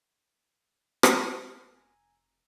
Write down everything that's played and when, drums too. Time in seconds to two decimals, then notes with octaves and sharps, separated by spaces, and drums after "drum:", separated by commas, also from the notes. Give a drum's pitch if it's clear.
1.03 drum: rim click
1.64 F1 G#5 A#5 E6